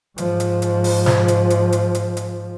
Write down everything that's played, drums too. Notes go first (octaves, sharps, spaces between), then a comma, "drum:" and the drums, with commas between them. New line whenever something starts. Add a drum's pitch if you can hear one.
G#2 F3, drum: hi-hat
drum: hi-hat
drum: hi-hat
drum: open hi-hat
drum: snare
drum: hi-hat
drum: hi-hat
drum: hi-hat
drum: hi-hat
drum: hi-hat